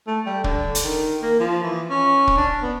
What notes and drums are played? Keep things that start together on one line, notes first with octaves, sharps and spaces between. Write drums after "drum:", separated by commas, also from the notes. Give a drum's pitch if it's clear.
A3
G3
D3, drum: kick
drum: hi-hat
D#3
A#3
F3
E3
C#4
drum: kick
D4
B3